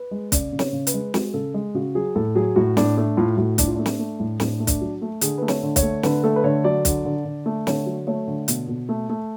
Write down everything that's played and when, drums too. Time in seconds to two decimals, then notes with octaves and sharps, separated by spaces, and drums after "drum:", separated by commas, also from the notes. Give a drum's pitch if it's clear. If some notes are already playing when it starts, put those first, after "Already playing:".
Already playing: B4
0.11 G#3
0.32 C#3 D5, drum: kick, hi-hat
0.52 C#3
0.59 C#5, drum: snare
0.73 C#3
0.87 B4, drum: hi-hat
0.94 G#3
1.14 G#3 F#4, drum: snare
1.34 C#3 A4
1.54 G#3
1.74 C#3 F#4
1.95 F#3 G#4
2.16 A2 A4
2.35 F#3 G#4
2.56 A2 F#4
2.77 A2 D4, drum: snare
2.97 A3 D4
3.17 A2 F4
3.37 A2 F#4
3.58 A2 D4, drum: kick, hi-hat
3.67 F4
3.75 A3 D4
3.86 drum: snare
3.99 A3
4.20 A2
4.40 A2 D4, drum: snare
4.60 A3
4.67 D4, drum: kick, hi-hat
4.81 F#3
5.02 A3
5.21 D3 G#4, drum: hi-hat
5.38 A3 B4
5.48 C#5, drum: snare
5.63 D3
5.76 C#5, drum: kick, hi-hat
5.83 A3
6.03 D3 B4, drum: snare
6.23 A3 A4
6.36 B4
6.44 D3 C#5
6.64 F#3 D5
6.85 D3, drum: kick, hi-hat
7.05 D3
7.25 D3
7.46 A3
7.67 D3 C#5, drum: snare
7.86 F#3
8.07 A3 C#5
8.27 D3
8.48 B2, drum: hi-hat
8.68 B2
8.89 A3
9.09 A3